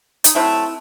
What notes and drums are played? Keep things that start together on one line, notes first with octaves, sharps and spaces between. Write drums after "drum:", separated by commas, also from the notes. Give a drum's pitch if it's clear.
D#4, drum: hi-hat
C3 F#3 A3 C4 E4